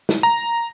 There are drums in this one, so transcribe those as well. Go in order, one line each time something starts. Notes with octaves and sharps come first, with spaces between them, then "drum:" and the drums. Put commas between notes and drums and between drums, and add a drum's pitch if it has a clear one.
drum: snare
A#5